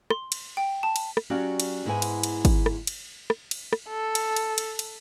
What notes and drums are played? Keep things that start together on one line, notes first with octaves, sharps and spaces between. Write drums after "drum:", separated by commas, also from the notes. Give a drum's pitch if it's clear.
C6, drum: rim click
drum: cymbal
G5
A5
drum: cymbal
drum: rim click
F#3 C#4 F#4 G4 D5 F5
drum: cymbal
G#2 G#3 B3 E4 F#5 G#5
drum: cymbal
drum: cymbal
drum: kick, cymbal
drum: rim click
drum: cymbal
drum: rim click
drum: cymbal
drum: rim click
A4
drum: cymbal
drum: cymbal
drum: cymbal
drum: cymbal